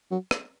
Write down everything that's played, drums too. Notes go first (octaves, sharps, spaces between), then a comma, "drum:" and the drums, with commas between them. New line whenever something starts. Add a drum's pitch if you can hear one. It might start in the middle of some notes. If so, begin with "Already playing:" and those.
F#3
drum: rim click